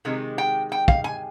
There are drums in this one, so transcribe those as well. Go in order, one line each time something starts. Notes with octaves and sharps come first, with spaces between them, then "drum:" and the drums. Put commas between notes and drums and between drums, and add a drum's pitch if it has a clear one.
C3 D#3 G#3
G5
G5
F5, drum: kick
G#5